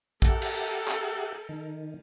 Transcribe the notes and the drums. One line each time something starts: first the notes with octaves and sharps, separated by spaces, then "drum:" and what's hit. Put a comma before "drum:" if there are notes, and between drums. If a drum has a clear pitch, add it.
G4 A4 A#4 E5 F#5, drum: kick A#1
drum: cymbal
drum: clap
D#3